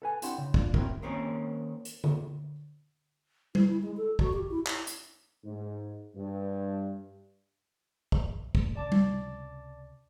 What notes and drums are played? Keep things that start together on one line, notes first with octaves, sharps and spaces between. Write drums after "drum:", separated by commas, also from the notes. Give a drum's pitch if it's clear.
A4 B4 G#5
C4 D4 E4 G4 F#5 C6, drum: hi-hat
C#3
D4 F4, drum: kick
C4 C#4 E4 F#4 A#4 C#5, drum: kick
D#2 A#3 C4 C#4 A#4
drum: hi-hat
drum: tom D3
E4, drum: tom G3
E4
G#3
A4
F#4, drum: kick
G4
E4
drum: clap
drum: hi-hat
G#2
G2
drum: kick
B1 A2, drum: kick
C#2 C3 D5 A5 D6
drum: tom G3